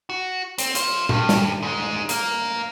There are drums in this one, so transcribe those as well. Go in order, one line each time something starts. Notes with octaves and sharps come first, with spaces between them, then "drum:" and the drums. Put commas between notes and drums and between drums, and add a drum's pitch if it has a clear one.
F#4
C4, drum: hi-hat
F4 C5, drum: hi-hat
G2, drum: tom A#2
drum: snare
G#2 G#3
A#4 F5, drum: hi-hat